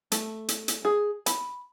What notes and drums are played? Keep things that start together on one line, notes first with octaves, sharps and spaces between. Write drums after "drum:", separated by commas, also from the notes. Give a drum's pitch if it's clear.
A3, drum: hi-hat
drum: hi-hat
drum: hi-hat
G#4
B5, drum: hi-hat